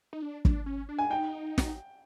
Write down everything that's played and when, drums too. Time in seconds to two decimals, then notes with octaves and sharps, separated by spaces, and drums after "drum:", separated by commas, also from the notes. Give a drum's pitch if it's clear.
0.13 D#4
0.22 D4
0.45 D4, drum: kick
0.66 C#4
0.89 D4
0.99 G#5
1.10 D#4 G5
1.58 drum: snare